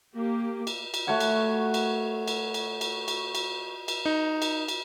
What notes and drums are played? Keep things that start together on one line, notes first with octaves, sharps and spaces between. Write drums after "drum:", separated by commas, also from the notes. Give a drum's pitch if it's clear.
A#3 G4
drum: cymbal
drum: cymbal
A3 F#4 C#5 F#5
drum: cymbal
drum: cymbal
drum: cymbal
drum: cymbal
drum: cymbal
drum: cymbal
drum: cymbal
drum: cymbal
D#4
drum: cymbal
drum: cymbal